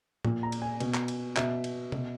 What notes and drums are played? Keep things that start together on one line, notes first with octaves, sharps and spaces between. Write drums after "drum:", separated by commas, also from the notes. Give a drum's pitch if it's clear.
A#2, drum: tom A2
A#5
drum: cymbal
G#5
B2, drum: cymbal
drum: clap
drum: cymbal
B2 E5, drum: clap
drum: cymbal
B2, drum: tom C3